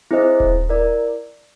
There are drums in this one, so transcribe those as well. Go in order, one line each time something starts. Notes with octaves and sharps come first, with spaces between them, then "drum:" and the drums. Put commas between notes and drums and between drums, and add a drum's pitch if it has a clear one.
C4 E4 G#4 C5 D#5
drum: kick D#1
E4 A#4 D5